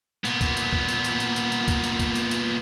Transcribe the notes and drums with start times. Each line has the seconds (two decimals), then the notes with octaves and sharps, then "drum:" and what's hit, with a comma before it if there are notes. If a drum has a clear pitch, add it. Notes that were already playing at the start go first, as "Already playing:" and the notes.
0.25 A#2 B3, drum: tambourine
0.41 drum: kick, tambourine
0.57 drum: tambourine
0.73 drum: kick
0.88 drum: tambourine
1.04 drum: tambourine
1.20 drum: tambourine
1.36 drum: tambourine
1.52 drum: tambourine
1.68 drum: kick, tambourine
1.84 drum: tambourine
2.00 drum: kick, tambourine
2.15 drum: tambourine
2.31 drum: tambourine